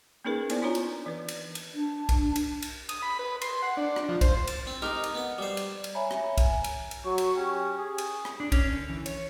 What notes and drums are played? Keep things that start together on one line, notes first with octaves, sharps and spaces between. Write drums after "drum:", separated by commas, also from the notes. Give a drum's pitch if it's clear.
A#3 C#4 D#4 G#4 A#4 B4
B3 E4 C5 D5 G#5, drum: cymbal
D4 D#4 F4 C#5 A#5
drum: cymbal
E3 B4
drum: cymbal
drum: cymbal
D4
drum: kick, cymbal
drum: cymbal
drum: cymbal
D#6, drum: cymbal
B5
B4
C6, drum: cymbal
F#5
D4
drum: rim click
F3
C5, drum: kick, cymbal
A5, drum: cymbal
C4
D#4 G4 A#4 D#5
drum: cymbal
B3 F#5
G3 C5
drum: cymbal
drum: cymbal
C#5 E5 G#5 A#5 B5
drum: rim click
drum: kick, cymbal
drum: cymbal
drum: cymbal
F#3 C#6
drum: cymbal
C#4 G4
G#4
drum: cymbal
drum: rim click
D4
C#4, drum: kick, cymbal
D3
E3
C#5, drum: cymbal